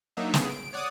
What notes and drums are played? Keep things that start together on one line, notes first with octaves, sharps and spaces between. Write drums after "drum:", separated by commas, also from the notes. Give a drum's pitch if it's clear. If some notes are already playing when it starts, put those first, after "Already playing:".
F#3 A#3 D4 D#4 E5
A2 C#3 B3 G#4, drum: snare
D7
C#5 D5 F#5 D6 D#6